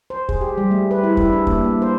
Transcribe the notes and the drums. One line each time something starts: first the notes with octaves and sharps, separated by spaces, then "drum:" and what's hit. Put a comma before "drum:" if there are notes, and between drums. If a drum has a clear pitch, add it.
C5
G#4, drum: kick
G4
G3
A3
B4
E4
E4, drum: kick
D4
A#3, drum: kick
A#3
C5